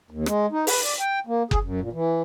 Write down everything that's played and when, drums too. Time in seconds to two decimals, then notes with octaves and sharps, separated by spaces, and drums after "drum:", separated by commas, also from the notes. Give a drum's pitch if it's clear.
0.11 D#2
0.26 G#3, drum: rim click
0.52 D#4
0.67 B4, drum: open hi-hat
0.83 D5
1.00 G5
1.27 A#3
1.51 G#4, drum: kick F#1
1.63 F#2
1.81 A#2
1.93 E3